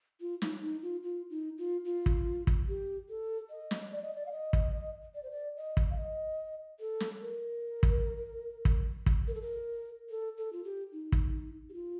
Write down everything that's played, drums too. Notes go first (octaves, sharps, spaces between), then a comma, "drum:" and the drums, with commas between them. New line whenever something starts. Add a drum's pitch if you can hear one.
F4
D#4, drum: snare
D#4
F4
F4
D#4
F4
F4
drum: kick
drum: kick
G4
A4
D#5
drum: snare
D5
D#5
D5
F5
D#5
drum: kick
D5
C5
D5
D#5
drum: kick
F5
D#5
A4
drum: snare
A#4
drum: kick
drum: kick
drum: kick
A#4
A4
A#4
A4
A4
F4
G4
D#4
drum: kick
G4
F4